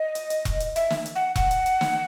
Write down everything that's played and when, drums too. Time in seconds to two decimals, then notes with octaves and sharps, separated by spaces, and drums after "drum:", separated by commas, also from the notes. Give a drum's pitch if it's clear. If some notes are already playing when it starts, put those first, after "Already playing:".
Already playing: D#5
0.15 drum: hi-hat
0.30 drum: hi-hat
0.45 drum: kick E1, hi-hat
0.60 drum: hi-hat
0.76 E5, drum: hi-hat
0.90 drum: snare
1.06 drum: hi-hat
1.16 F#5
1.36 F#5, drum: kick E1, hi-hat
1.51 drum: hi-hat
1.66 drum: hi-hat
1.81 drum: snare